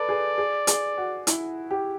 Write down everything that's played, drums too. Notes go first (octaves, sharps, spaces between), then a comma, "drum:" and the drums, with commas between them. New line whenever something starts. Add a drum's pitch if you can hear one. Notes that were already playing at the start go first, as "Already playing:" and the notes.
Already playing: A4 B4 D5
G#4
G#4
G#4, drum: hi-hat
F#4
E4, drum: hi-hat
G4